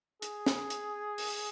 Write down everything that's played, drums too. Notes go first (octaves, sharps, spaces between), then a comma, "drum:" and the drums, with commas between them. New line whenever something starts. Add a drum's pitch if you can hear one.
G#4, drum: hi-hat
drum: snare
drum: hi-hat
drum: open hi-hat